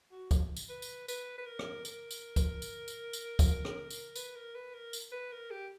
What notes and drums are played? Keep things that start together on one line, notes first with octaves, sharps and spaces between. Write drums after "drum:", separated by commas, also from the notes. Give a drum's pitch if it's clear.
F#4
drum: kick, tambourine
drum: tambourine
B4
drum: tambourine
B4, drum: tambourine
B4
A#4
drum: rim click
A#4, drum: tambourine
drum: tambourine
drum: kick, tambourine
drum: tambourine
drum: tambourine
drum: tambourine
drum: kick, tambourine
drum: rim click
drum: tambourine
B4, drum: tambourine
A#4
B4
A#4
drum: tambourine
B4
A#4
G4